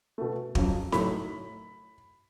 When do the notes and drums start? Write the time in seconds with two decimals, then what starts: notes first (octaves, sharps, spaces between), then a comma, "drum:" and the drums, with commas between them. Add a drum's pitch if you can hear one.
0.18 B2 A3
0.55 F2 C#3 F#3, drum: kick
0.92 A2 F#3 A3 B5, drum: snare D#4